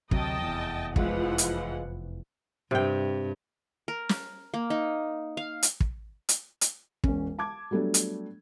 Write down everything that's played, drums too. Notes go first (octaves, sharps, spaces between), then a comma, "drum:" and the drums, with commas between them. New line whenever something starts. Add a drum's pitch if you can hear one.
D2 C3 F#3 D#5 G5 A5, drum: kick
F1 E2
E3 F3 G#3 F4 F#5, drum: kick
drum: hi-hat
G2 C3 G5
A#4
drum: snare
A#3
D#4
F5
drum: hi-hat
drum: kick
drum: hi-hat
drum: hi-hat
E1 C#4, drum: kick
A5 D6 G#6
F#3 G3 A3 B3 D4
drum: hi-hat